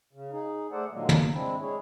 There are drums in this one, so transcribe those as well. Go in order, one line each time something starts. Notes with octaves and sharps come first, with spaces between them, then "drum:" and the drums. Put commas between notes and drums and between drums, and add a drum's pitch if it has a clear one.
C#3
D#4 G#4
A3 G#4 A4 C5 D5 F#5
A#2 D3 D#3 F#3 G#3 A#3
drum: tom
G#3 C4 D4 E4
G#3 E4 G#4 C#5